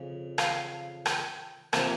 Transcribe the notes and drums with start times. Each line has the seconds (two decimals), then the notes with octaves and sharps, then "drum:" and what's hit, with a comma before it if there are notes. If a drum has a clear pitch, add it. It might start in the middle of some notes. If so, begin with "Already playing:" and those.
Already playing: F2 C#3
0.38 F5, drum: rim click
1.06 G5, drum: rim click
1.73 C3 F3 A#3 A5, drum: rim click